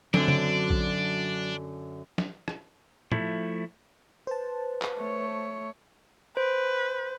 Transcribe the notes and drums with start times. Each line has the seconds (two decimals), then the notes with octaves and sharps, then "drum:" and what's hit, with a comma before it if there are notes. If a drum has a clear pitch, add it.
0.14 F#2 D3 F#3 C4 D4, drum: snare
0.28 drum: tom
0.70 drum: kick A#1
2.18 drum: snare
2.48 drum: rim click
3.12 F3 A3 E4, drum: tom
4.27 B4 C5 A5
4.82 drum: clap
4.98 A3 C#5
6.37 B4 C5